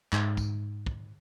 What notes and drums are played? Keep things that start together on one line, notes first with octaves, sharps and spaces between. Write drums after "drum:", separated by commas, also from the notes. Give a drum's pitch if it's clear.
G#2, drum: clap
drum: kick, tambourine
drum: kick